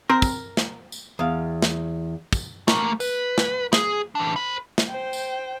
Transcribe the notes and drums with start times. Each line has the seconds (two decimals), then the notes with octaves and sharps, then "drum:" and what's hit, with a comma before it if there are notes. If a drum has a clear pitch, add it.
0.10 C4 A#4
0.22 drum: kick, tambourine
0.57 drum: snare
0.92 drum: tambourine
1.19 E2 F5
1.62 drum: snare
2.33 drum: kick, tambourine
2.68 A3 A#3, drum: snare
3.00 B4, drum: tambourine
3.38 drum: snare
3.73 G#4, drum: snare
4.15 E3 D4
4.36 C5 B5
4.78 drum: snare
4.89 C5 G5
5.13 drum: tambourine